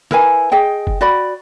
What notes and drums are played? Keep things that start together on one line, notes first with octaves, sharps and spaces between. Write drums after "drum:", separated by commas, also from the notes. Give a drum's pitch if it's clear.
E4 A#4 B4 G#5, drum: snare
G#4 D#5 G5
drum: kick F#1
F#4 D5 B5